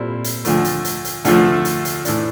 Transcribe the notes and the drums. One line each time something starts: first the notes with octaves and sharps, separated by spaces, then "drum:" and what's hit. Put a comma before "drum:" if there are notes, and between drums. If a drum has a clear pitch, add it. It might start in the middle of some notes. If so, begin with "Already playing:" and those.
Already playing: A#2 G3 C4 E4 A4
drum: hi-hat
D2 D3 F3 A3, drum: hi-hat
drum: hi-hat
drum: hi-hat
drum: hi-hat
D2 D3 F3 A3, drum: hi-hat
drum: hi-hat
drum: hi-hat
A2 E3 A3 D4, drum: hi-hat